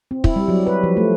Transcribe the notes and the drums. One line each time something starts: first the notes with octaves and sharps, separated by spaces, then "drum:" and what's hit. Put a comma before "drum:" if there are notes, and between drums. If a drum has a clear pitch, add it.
C4
E4, drum: kick
G3
F#3
B4
F3
A3